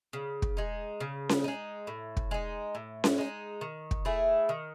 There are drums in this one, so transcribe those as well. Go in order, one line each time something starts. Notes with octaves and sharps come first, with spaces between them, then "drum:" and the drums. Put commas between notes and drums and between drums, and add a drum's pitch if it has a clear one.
C#3
drum: kick
G#3 D#4
C#3
drum: snare C#4
G#3 D#4
A2
drum: kick
G#3 D#4
A2
drum: snare C#4
G#3 D#4
D#3
drum: kick
A3 E4 G#4
D#3